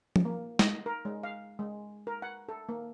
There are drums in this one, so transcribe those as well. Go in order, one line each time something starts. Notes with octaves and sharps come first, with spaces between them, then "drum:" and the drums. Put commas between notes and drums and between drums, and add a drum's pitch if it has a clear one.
drum: tom F3
A#3
D#5, drum: snare
A#4
G#3
F5
G#3
A#4
F#5
A4
A#3